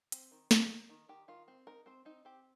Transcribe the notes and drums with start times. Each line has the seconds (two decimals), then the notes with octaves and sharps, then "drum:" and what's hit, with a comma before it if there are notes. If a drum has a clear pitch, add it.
0.12 C4, drum: hi-hat
0.31 D#3
0.51 D#3, drum: snare
0.70 D#3
0.89 D#3
1.09 D#3 G4
1.28 D#3 F4
1.48 C4
1.67 D#4 A#4
1.86 C4 C5
2.05 C4 D#4
2.25 C4 G4